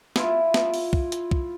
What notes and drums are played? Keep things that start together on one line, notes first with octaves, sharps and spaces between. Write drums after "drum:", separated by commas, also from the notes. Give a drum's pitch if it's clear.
E4 F4, drum: snare
drum: snare
drum: open hi-hat
drum: kick
drum: hi-hat
drum: kick